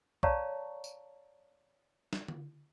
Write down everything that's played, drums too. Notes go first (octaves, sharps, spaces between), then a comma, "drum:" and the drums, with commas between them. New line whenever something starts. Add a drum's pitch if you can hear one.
C#5 D5 F5 A5 A#5 C#6, drum: kick B1
drum: tambourine
drum: snare
drum: tom D3